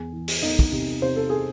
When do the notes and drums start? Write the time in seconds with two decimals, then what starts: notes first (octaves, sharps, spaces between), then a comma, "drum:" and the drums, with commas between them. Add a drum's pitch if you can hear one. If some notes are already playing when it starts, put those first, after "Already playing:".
Already playing: E2 G#4 G#5
0.12 E3
0.28 drum: open hi-hat
0.42 E2 D#4 D#5
0.59 drum: kick
0.72 C3
1.02 C3 C5
1.16 A4
1.30 G#4